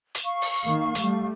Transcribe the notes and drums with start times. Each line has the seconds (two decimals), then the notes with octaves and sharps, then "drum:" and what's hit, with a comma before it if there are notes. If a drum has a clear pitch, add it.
0.15 drum: hi-hat
0.24 F5 C#6
0.42 drum: open hi-hat
0.63 D#3 A#3
0.95 G3 A3, drum: hi-hat